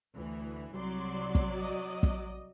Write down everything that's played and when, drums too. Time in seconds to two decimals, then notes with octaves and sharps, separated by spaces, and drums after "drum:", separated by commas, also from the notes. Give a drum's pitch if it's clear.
0.16 D2 E3
0.75 C2 F#3 D5 C6
1.35 drum: kick
1.57 D#5
2.03 drum: kick